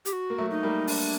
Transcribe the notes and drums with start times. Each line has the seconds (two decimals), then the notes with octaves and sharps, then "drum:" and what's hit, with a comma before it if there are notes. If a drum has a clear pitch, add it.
0.05 G4, drum: hi-hat
0.13 F#4
0.30 A#3
0.38 F#3 A3
0.51 D#4
0.63 G3 A#3
0.87 D4, drum: open hi-hat